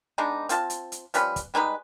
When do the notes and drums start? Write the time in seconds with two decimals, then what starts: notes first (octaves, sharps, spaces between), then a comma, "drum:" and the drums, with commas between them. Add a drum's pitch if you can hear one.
0.18 G#3 B3 D4 D#4
0.49 C4 F4 A5, drum: hi-hat
0.70 drum: hi-hat
0.92 drum: hi-hat
1.14 F3 G3 C#4 B4, drum: hi-hat
1.36 drum: kick, hi-hat
1.54 G3 G#3 D#4 B4